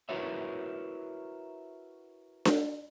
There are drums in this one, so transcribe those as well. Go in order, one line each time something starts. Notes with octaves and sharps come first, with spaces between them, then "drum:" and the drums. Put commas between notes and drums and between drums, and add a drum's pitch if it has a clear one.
E4 F#4 A#4 B4 C#5 E5
drum: snare D4